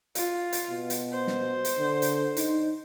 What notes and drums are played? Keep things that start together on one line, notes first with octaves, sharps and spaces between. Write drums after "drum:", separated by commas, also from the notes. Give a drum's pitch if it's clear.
F4, drum: hi-hat
drum: hi-hat
B2
drum: hi-hat
C5
drum: snare
drum: hi-hat
D3
drum: hi-hat
D#4, drum: hi-hat